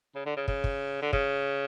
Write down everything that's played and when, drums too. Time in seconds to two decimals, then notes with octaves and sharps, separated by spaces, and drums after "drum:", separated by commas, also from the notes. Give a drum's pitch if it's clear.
0.15 C#3
0.26 D3
0.37 C#3
0.48 C#3, drum: kick
0.64 drum: kick
1.02 D3
1.13 C#3, drum: kick